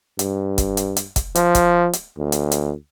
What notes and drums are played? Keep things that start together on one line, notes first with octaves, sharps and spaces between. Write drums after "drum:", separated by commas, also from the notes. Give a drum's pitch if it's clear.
G2, drum: hi-hat
drum: kick, hi-hat
drum: hi-hat
drum: hi-hat
drum: kick, hi-hat
F3, drum: hi-hat
drum: kick, hi-hat
drum: hi-hat
D2
drum: hi-hat
drum: hi-hat